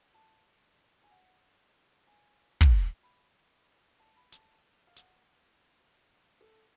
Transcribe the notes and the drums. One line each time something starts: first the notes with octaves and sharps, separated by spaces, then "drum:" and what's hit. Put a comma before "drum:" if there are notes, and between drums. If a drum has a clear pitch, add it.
A5
G#5
F#5
G#5
drum: kick
B5
A5
B5
A5, drum: hi-hat
F5
F#5, drum: hi-hat
A4